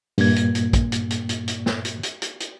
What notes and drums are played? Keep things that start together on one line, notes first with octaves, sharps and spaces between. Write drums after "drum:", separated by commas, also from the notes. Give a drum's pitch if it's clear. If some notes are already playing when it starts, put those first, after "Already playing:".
G2 A#2 A#3 G#6, drum: open hi-hat
drum: hi-hat
drum: hi-hat
drum: kick, hi-hat
drum: hi-hat
drum: hi-hat
drum: hi-hat
drum: hi-hat
drum: snare
drum: hi-hat
drum: hi-hat
drum: hi-hat
drum: hi-hat